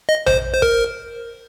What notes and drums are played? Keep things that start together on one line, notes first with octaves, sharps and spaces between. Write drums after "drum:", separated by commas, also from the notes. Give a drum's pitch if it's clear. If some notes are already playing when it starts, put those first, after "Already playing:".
D#5
C5, drum: tom A#1
C5
A#4, drum: kick